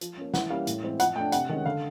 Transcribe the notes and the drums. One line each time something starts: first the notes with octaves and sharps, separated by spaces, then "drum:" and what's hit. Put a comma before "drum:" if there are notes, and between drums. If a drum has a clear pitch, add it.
F3, drum: hi-hat
A#3 C#4
E3 F#5, drum: snare
G3 A#3 C#4 F5
A2, drum: hi-hat
E3 G#3 C4
F3 F#5, drum: hi-hat
A3 D4 G5
C3 F#5, drum: hi-hat
D#3 G#3 C#4
D3 F5